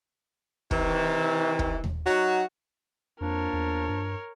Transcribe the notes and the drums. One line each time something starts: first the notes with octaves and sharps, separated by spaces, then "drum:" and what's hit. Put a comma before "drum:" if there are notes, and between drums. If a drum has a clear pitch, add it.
C3 D#3 E3, drum: kick
drum: kick
drum: tom D#2
F#3 D#4 F#4
F2 F3 A#3 D4 A#4 C#5
E2
G2